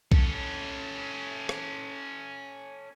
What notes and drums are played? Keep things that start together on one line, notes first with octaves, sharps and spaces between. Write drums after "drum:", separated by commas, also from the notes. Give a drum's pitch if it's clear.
C#4 A4, drum: kick
drum: rim click